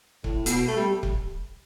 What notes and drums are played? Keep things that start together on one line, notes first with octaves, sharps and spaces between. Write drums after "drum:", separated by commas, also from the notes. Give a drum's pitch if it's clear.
A2, drum: kick C#1
B2, drum: hi-hat
A3
G3
drum: kick C#1